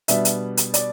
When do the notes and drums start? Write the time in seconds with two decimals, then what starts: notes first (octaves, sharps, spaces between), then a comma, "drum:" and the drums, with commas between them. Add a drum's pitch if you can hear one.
0.08 B2 G3 B3 D4 E5, drum: hi-hat
0.25 drum: hi-hat
0.57 drum: hi-hat
0.74 D5, drum: hi-hat